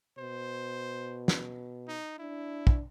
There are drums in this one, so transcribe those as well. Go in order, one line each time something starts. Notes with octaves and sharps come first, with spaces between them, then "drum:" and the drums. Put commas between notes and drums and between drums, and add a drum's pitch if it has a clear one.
B2 C5
drum: snare
D#4
D4 E4
drum: kick